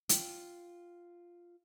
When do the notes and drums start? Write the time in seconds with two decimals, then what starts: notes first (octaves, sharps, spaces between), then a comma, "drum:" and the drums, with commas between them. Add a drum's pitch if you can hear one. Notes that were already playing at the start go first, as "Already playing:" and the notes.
0.09 F4 G5, drum: hi-hat